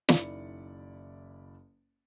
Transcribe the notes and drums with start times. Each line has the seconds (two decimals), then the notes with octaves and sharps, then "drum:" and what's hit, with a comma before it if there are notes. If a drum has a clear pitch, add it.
0.09 F#1 D#3 E4 D5 C#7, drum: snare